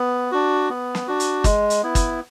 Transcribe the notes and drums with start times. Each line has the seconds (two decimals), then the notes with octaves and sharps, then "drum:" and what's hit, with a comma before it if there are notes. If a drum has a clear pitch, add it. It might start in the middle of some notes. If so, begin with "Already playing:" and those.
Already playing: B3
0.32 D4 F#4
0.70 B3
0.95 drum: snare
1.07 D4 F#4
1.20 drum: hi-hat
1.44 G#3, drum: kick, hi-hat
1.70 drum: hi-hat
1.83 B3 E4
1.95 drum: kick, hi-hat